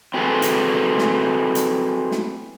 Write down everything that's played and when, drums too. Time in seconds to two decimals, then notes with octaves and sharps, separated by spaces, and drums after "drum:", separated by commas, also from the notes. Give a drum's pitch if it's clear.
0.14 C4 F#4 G#4 A4 B4
0.42 drum: hi-hat
0.99 drum: snare
1.55 drum: hi-hat
2.12 drum: snare